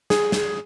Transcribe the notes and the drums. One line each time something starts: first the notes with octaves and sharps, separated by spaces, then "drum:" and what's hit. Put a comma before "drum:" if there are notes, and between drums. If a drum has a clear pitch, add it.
G#4, drum: snare
drum: snare